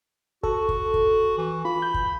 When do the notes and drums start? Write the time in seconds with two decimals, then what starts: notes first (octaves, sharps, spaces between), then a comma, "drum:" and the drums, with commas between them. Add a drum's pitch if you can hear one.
0.43 F#4 A4, drum: kick
0.69 drum: kick
0.94 drum: kick
1.38 E3
1.65 F4 B5
1.82 G6
1.94 drum: kick